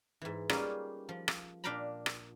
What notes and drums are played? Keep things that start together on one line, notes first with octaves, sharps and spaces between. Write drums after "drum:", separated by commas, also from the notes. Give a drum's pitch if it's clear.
G#2 E3
G3 A#3 C#4 D#4 F4 G#4, drum: rim click
F3
drum: rim click
A#2 D4 F5 G5 A#5 B5
drum: rim click